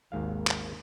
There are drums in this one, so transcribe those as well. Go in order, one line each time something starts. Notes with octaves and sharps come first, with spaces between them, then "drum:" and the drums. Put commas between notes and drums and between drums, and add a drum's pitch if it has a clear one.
G#1 D#2 G#2 F5
drum: clap